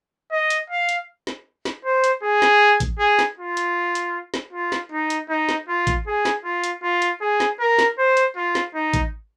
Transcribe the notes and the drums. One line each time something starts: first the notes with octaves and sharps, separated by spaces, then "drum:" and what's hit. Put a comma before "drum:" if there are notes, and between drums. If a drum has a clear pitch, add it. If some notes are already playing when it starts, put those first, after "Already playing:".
D#5
drum: hi-hat
F5
drum: hi-hat
drum: snare
drum: snare
C5
drum: hi-hat
G#4
drum: snare
drum: kick A1, hi-hat
G#4
drum: snare
F4
drum: hi-hat
drum: hi-hat
drum: snare
F4
drum: snare
D#4
drum: hi-hat
D#4
drum: snare
F4
drum: kick A1, hi-hat
G#4
drum: snare
F4
drum: hi-hat
F4
drum: hi-hat
G#4
drum: snare
A#4
drum: snare
C5
drum: hi-hat
F4
drum: snare
D#4
drum: kick A1, hi-hat